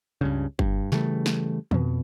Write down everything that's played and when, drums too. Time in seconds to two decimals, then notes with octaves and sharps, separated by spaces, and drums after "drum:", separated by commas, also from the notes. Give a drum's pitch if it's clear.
0.21 C#2 G2 C#3
0.59 G2, drum: kick F#1
0.92 C#3 E3 G3 A3, drum: snare
1.26 drum: snare
1.71 F2 B2, drum: tom